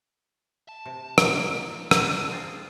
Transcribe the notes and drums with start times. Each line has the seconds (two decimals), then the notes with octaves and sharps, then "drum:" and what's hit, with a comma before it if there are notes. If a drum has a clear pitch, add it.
0.69 A5
0.86 C3
1.18 drum: rim click
1.37 A2 F3 A#3
1.91 drum: rim click
2.07 D4 G5 A#5
2.31 C4 F4 G#4